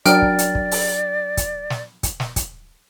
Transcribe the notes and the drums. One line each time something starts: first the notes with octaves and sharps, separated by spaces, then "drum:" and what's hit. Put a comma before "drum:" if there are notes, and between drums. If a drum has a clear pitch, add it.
F#3 D4 A#4 D5 G5 F6 D7, drum: hi-hat
drum: kick
drum: hi-hat
drum: kick
drum: open hi-hat
drum: kick, hi-hat
drum: snare
drum: kick, hi-hat
drum: snare
drum: kick, hi-hat